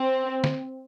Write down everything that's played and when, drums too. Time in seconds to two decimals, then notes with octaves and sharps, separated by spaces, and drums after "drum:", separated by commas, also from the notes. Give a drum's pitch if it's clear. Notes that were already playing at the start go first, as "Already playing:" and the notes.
Already playing: C4
0.44 drum: snare